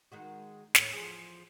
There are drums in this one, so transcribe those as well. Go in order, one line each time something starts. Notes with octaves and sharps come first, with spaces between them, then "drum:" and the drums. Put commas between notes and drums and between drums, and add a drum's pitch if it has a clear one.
D#3 G#3 F#4
D#2 A2, drum: snare
E2 F3 G#4